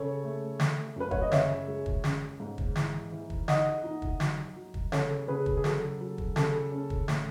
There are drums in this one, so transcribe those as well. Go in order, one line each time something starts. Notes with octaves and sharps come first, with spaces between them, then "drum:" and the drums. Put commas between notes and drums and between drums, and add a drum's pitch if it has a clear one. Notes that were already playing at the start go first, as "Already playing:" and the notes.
Already playing: C#3 A4 C#5
A3
A3, drum: snare
F#2 B4
C#5, drum: kick
D#5
C#3 C#5 E5, drum: snare
G#3
drum: kick
C#4, drum: snare
G#2
drum: kick
E3, drum: snare
E3
drum: kick
D#4 D#5 F#5, drum: snare
D#4
drum: kick
F#3, drum: snare
F#3
drum: kick
C#3 A4 C#5, drum: snare
C#3 G#4 B4
drum: kick
G#4
F#3 A4, drum: snare
F#3
drum: kick
C#3 A4, drum: snare
C#4
drum: kick
A2, drum: snare